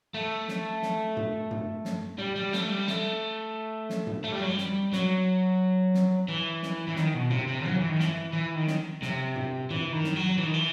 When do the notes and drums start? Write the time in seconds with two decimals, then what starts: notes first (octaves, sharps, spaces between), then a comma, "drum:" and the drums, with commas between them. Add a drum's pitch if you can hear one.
0.14 A3
0.48 drum: snare
0.83 drum: snare
1.17 drum: tom G2
1.51 drum: tom G2
1.85 drum: snare
2.18 G3
2.36 G3
2.53 A3, drum: snare
2.70 G3
2.88 A3, drum: snare
3.90 drum: snare
4.07 drum: tom G2
4.24 A3
4.32 G3
4.40 F#3
4.48 G3
4.58 drum: snare
4.93 F#3, drum: snare
5.94 drum: snare
6.28 E3
6.63 drum: snare
6.88 E3
6.96 D#3, drum: snare
7.14 B2
7.30 C3, drum: tom G2
7.48 C3
7.66 F#3, drum: tom G2
7.76 E3
7.89 D#3
8.00 E3, drum: snare
8.33 E3
8.56 D#3
8.67 drum: snare
9.02 C3, drum: snare
9.36 drum: tom G2
9.70 E3, drum: tom G2
9.93 D#3
10.04 drum: snare
10.16 F#3
10.38 E3
10.45 D#3
10.53 E3